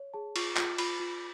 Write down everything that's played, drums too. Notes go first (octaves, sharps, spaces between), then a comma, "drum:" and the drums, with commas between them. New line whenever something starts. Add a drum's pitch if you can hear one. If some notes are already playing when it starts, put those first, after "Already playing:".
Already playing: C#5
G#4 A5
F4 C#6, drum: cymbal
F4, drum: clap
F4 B5, drum: cymbal
F4